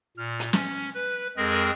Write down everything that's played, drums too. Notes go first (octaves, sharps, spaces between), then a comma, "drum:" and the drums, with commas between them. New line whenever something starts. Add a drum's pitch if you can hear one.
A#2 F6
drum: hi-hat
C#4, drum: snare
B4
F2 G#3 C4 G#4 A#4 A#6